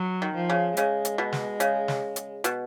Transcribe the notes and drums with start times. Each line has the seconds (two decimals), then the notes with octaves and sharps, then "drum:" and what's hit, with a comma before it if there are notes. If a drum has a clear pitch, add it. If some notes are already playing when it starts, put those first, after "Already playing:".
Already playing: F#3
0.22 D#3
0.35 F3
0.50 C#3
0.77 C#3 G#3, drum: hi-hat
1.05 drum: hi-hat
1.18 B2
1.32 drum: snare
1.60 C#3, drum: hi-hat
1.88 drum: snare
2.16 drum: hi-hat
2.44 B2, drum: hi-hat